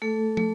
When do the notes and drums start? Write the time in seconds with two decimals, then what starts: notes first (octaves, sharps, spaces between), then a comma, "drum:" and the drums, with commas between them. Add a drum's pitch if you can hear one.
0.02 A3 A4
0.37 A3, drum: tom